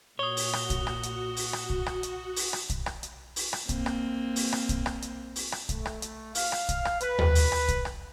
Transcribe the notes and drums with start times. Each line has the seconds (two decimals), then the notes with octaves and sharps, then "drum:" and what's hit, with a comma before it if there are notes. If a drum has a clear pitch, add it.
0.19 A#2 F#4 C#5 D#6 G7
0.37 drum: open hi-hat
0.53 drum: rim click
0.70 drum: kick, hi-hat
0.87 drum: rim click
1.03 drum: hi-hat
1.37 drum: open hi-hat
1.53 drum: rim click
1.70 drum: kick
1.86 drum: rim click
2.03 drum: hi-hat
2.36 drum: open hi-hat
2.53 drum: rim click
2.70 drum: kick, hi-hat
2.86 drum: rim click
3.03 drum: hi-hat
3.36 drum: open hi-hat
3.53 drum: rim click
3.69 A#3 C4, drum: kick, hi-hat
3.86 drum: rim click
4.36 drum: open hi-hat
4.52 drum: rim click
4.69 drum: kick, hi-hat
4.86 drum: rim click
5.02 drum: hi-hat
5.36 drum: open hi-hat
5.52 drum: rim click
5.69 A3, drum: kick, hi-hat
5.86 drum: rim click
6.02 drum: hi-hat
6.35 F5, drum: open hi-hat
6.52 drum: rim click
6.69 drum: kick, hi-hat
6.85 drum: rim click
7.01 B4, drum: hi-hat
7.19 drum: tom D#2
7.35 drum: open hi-hat
7.52 drum: rim click
7.68 drum: kick, hi-hat
7.85 drum: rim click